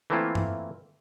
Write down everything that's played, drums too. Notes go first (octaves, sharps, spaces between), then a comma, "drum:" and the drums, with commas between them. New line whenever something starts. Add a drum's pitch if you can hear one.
E3 A3 A#3 C4 E4 F4
drum: tom G2